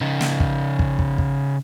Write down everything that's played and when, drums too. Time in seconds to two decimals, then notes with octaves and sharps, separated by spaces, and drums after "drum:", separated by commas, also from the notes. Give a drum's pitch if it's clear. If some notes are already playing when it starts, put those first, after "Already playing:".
0.01 C#3 D#4
0.21 drum: snare
0.40 drum: kick
0.79 drum: kick
0.99 drum: kick
1.18 drum: kick